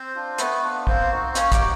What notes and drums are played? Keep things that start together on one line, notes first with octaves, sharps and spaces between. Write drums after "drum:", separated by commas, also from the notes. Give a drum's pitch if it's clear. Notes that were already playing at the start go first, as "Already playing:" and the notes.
Already playing: C4 C5
D4 F4
A3 B3 B4, drum: hi-hat
D4 F4
A#3 C4 C5, drum: kick
D#4 F#4
A#3 C#4 C#5, drum: hi-hat
G4 G5, drum: kick, hi-hat
D#4 F#4